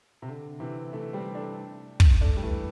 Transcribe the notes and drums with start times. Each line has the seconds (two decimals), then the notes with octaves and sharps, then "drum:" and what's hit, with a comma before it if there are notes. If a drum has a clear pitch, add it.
0.22 C3
0.29 D3
0.60 C3 E3
0.93 E3 A3
1.13 G3 C4
1.35 A3 D4
2.00 drum: kick
2.21 A3 D4
2.37 G3
2.43 E3 A3